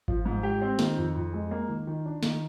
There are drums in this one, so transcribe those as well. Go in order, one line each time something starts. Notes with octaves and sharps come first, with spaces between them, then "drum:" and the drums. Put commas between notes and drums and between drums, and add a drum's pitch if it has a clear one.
F3, drum: kick G#1
G#2
G4
C4
D#3, drum: snare
F2
F2
G#3
A#3
D#3
D#3
D4
D#3, drum: snare